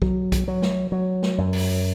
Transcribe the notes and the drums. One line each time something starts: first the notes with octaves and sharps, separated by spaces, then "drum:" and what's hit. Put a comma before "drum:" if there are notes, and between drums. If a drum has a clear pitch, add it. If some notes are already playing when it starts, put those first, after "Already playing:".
F#3, drum: kick B1
drum: kick B1, hi-hat
F#3
drum: snare
F#3
drum: snare
F#2
drum: open hi-hat